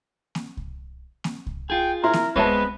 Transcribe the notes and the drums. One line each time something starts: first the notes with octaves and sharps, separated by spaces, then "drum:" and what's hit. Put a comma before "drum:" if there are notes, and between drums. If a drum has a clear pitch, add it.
drum: snare A#3
drum: kick C2
drum: snare A#3
drum: kick C2
F4 G#4 G5
E4 A#4 A#5 C6
drum: snare A#3
G#3 B3 C4 B4 C#5 E5 A5, drum: kick C2